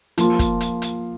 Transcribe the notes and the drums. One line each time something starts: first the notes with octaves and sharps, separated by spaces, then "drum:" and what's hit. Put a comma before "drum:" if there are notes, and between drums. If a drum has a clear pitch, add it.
F3 A#3 F4, drum: hi-hat
drum: kick, hi-hat
drum: hi-hat
drum: hi-hat